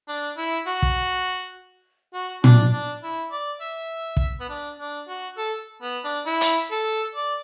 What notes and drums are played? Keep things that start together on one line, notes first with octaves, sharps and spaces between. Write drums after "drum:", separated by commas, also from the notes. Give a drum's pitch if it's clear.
D4
E4
F#4
drum: kick
F#4
D4, drum: tom A#2
D4
E4
D5
E5
drum: kick
B3
D4
D4
F#4
A4
B3
D4
E4
drum: hi-hat
A4
D5